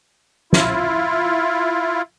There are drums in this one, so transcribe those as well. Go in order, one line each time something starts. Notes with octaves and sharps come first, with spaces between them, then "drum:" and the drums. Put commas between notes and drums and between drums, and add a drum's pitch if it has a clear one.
E4 F4, drum: snare